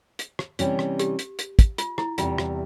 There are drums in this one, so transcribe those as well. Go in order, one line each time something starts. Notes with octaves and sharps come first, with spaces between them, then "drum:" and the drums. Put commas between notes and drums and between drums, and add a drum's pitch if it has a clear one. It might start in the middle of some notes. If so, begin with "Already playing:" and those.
drum: hi-hat
drum: rim click
C3 E3 G3 C#4, drum: hi-hat
drum: rim click
G4, drum: hi-hat
drum: hi-hat
drum: hi-hat
drum: kick, hi-hat
F4, drum: hi-hat
E4, drum: rim click
E2 C3 G3 F4, drum: hi-hat
drum: rim click